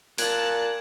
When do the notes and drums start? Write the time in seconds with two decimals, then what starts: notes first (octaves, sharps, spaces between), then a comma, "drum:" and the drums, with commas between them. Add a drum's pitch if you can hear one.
0.18 A#2 A5 F#6 G#6 D7, drum: open hi-hat